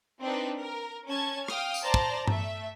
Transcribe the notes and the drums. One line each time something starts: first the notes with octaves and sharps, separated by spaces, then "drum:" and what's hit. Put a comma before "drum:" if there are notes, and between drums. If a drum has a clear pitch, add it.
C4 D4 D#4 B4
A#4
C#4 A5 G#6
F5 G5 D#6 F6, drum: rim click
drum: tambourine
C5 D5 A5 A#5
drum: kick
A3 E5, drum: tom G2